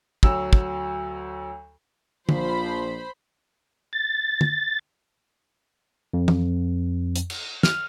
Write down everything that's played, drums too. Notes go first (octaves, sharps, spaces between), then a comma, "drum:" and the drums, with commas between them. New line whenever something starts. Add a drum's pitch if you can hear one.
D2 F#3 E6, drum: kick
drum: kick
A#1 F3 C5 B5, drum: tom
A6
drum: tom
F2
drum: tom
drum: hi-hat
drum: cymbal
F6, drum: snare